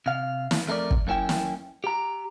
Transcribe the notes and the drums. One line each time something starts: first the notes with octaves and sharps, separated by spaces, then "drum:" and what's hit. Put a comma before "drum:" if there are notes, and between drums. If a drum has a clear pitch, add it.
C3 F5
drum: snare
F2 A3 D4 A#4 D5
drum: kick
F#2 A#3 C#4 E4 G5
drum: snare
G4 A#5